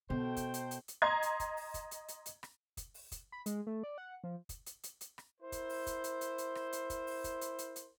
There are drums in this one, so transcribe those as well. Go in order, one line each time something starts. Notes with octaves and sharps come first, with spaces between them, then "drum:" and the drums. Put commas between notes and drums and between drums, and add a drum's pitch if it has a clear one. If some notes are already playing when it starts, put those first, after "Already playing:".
B2 A4 C5 G5
drum: kick, hi-hat
drum: hi-hat
drum: hi-hat
drum: hi-hat
D#5 A#5 C6 G#6
drum: hi-hat
drum: kick, hi-hat
drum: open hi-hat
drum: kick, hi-hat
drum: hi-hat
drum: hi-hat
drum: hi-hat
drum: rim click
drum: kick, hi-hat
drum: open hi-hat
drum: kick, hi-hat
B5
G#3, drum: hi-hat
A3
D5
F#5
F3
drum: kick, hi-hat
drum: hi-hat
drum: hi-hat
drum: hi-hat
drum: rim click
E4 A#4 C5
drum: kick, hi-hat
drum: open hi-hat
drum: kick, hi-hat
drum: hi-hat
drum: hi-hat
drum: hi-hat
drum: rim click
drum: hi-hat
drum: kick, hi-hat
drum: open hi-hat
drum: kick, hi-hat
drum: hi-hat
drum: hi-hat
drum: hi-hat